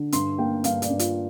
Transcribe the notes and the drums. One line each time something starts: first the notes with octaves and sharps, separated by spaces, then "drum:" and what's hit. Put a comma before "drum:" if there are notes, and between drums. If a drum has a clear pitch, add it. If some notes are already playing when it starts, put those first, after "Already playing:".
Already playing: D3
G2 C6, drum: hi-hat
A#3 G5
G2 F5, drum: hi-hat
D5, drum: hi-hat
G2
F4, drum: hi-hat